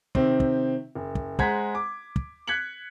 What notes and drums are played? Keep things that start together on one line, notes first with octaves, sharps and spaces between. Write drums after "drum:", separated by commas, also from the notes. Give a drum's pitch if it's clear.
C3 D#3 C4, drum: kick
drum: kick
F#1
drum: kick
G#3 C5 F#5 A#5 G#6 B6, drum: kick
D6
drum: kick
F#6 G#6 B6 C#7 F#7